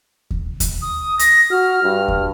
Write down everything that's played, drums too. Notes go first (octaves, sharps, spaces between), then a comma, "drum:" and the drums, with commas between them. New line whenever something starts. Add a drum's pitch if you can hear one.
drum: kick D#2
drum: kick D#2, hi-hat
D#6
A#6, drum: hi-hat
F#4 F6
G2
drum: kick D#2